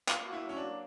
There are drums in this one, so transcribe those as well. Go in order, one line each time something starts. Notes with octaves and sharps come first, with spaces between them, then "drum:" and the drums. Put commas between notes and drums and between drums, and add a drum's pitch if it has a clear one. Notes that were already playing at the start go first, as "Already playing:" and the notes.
A#3 F4, drum: clap
F#4
E4
F#3 C#4
D4
A#3